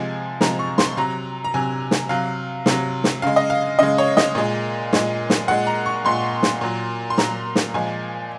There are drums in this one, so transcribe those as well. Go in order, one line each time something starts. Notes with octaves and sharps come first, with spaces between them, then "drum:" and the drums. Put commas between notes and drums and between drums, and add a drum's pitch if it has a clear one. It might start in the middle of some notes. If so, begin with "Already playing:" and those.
Already playing: C3 F3 G#3 G#5
C3 F3 G#3 A#5, drum: snare
C#6
C6, drum: snare
C3 F#3 A#5
A#5
C3 F#3 G#5
drum: snare
C3 F#3 F5
C3 F#3, drum: snare
drum: snare
C#3 G#3 F5
D#5
F5
C#3 G#3 D#5
C#5
D#5, drum: snare
A#2 G#3
A#2 G#3, drum: snare
drum: snare
A#2 G#3 F#5
A#5
C#6
A#2 G#3 C6
drum: snare
A#2 F#3
C6
A#2 F#3 A#5, drum: snare
drum: snare
A#2 F3 G#3 G#5